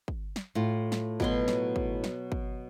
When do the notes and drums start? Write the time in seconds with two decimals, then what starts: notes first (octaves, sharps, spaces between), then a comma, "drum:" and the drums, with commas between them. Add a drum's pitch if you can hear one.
0.08 drum: kick
0.36 drum: snare
0.55 A2 F4
0.92 drum: snare
1.20 B2 F#3 C6, drum: kick
1.48 drum: snare
1.76 drum: kick
2.04 drum: snare
2.32 drum: kick